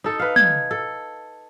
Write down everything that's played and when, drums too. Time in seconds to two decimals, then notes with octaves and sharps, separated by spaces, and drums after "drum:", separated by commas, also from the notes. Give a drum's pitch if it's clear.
0.04 D#4 A4
0.19 B4 F5
0.36 G#6, drum: tom
0.71 A4